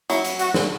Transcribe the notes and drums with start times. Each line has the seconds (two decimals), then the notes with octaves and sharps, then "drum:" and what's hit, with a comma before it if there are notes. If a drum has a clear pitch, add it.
0.10 F#3 E4, drum: hi-hat
0.25 drum: hi-hat
0.39 F#4, drum: hi-hat
0.54 drum: snare